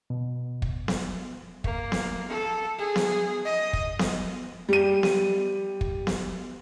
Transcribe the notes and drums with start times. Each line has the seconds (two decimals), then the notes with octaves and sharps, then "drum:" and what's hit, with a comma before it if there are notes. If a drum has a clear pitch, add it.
0.10 B2
0.62 drum: kick
0.88 drum: snare B3
1.64 A#3, drum: kick
1.92 drum: snare B3
2.29 A4
2.79 G#4
2.96 drum: snare B3
3.45 D#5
3.73 drum: kick
3.99 drum: snare B3
4.69 G3 D#7
5.03 drum: snare B3
5.81 drum: kick
6.07 drum: snare B3